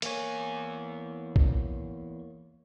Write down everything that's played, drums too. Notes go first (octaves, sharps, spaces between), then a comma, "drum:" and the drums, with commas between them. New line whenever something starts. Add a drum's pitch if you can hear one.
E2 A#3 C#5 G#5, drum: hi-hat
drum: kick